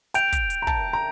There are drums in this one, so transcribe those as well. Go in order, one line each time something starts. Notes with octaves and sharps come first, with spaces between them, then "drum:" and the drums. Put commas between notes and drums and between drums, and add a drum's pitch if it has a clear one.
G5 G6 D7 F7, drum: hi-hat
drum: kick, hi-hat
drum: hi-hat
A#5
A5, drum: kick
A#5